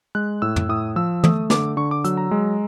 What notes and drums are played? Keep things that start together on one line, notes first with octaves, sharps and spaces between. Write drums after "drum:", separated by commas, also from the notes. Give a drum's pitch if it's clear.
G#3 F#6
A2 E6
drum: tom
A2 D#6
F3 E6
A3 D#6, drum: tom
D3 D6, drum: snare
D3 C#6
D6
F#3 E6, drum: hi-hat
A#5
G#3